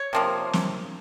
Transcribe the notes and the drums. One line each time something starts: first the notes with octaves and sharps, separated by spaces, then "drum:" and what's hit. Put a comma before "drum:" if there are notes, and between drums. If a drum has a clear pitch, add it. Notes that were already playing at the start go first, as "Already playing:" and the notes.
Already playing: C#5
C3 F3 A#3
drum: snare